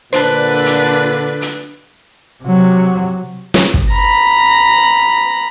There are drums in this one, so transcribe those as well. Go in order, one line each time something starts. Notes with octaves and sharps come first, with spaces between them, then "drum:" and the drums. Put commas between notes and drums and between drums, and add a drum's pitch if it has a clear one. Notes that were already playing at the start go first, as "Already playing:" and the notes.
A#2 D3 D4 B4 C5 A5, drum: hi-hat
drum: hi-hat
drum: hi-hat
C3 F#3
drum: snare
drum: kick
A#5 B5